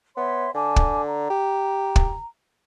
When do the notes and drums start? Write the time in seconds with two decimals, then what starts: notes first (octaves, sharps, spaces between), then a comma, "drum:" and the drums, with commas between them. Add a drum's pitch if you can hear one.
0.17 B3 C#5 E5 C6
0.54 D3 G#5 A5 D6
0.76 drum: kick
1.06 A#5
1.30 G4
1.96 drum: kick